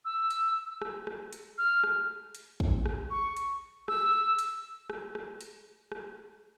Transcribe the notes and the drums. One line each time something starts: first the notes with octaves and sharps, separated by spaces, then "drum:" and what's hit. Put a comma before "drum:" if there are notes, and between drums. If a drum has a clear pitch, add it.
E6
drum: hi-hat
drum: rim click
drum: rim click
drum: hi-hat
F6
drum: rim click
drum: hi-hat
drum: kick
drum: rim click
C#6
drum: hi-hat
E6, drum: rim click
drum: hi-hat
drum: rim click
drum: rim click
drum: hi-hat
drum: rim click